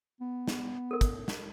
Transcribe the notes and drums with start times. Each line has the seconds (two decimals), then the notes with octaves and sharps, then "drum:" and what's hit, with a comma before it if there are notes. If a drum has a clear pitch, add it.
0.21 B3
0.48 drum: snare
0.91 A4 A#4
1.01 drum: kick, hi-hat
1.28 drum: snare